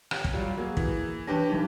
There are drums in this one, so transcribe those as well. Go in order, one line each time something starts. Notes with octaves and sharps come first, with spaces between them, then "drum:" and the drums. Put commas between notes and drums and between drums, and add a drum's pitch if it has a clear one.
C#4 G4, drum: rim click
drum: kick
F#3 G3 F4
F#3 A#3 G#4
E3, drum: kick
E3 C#4 D4 G4 B4 A5 A#6
E3 F#3 D#4